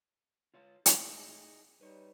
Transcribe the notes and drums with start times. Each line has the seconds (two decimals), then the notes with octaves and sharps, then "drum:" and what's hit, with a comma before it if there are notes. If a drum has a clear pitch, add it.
0.54 F4 C#5 F5
0.86 A2 D#4 G#4 D#5, drum: hi-hat
1.81 G3 D#4 B4 C#5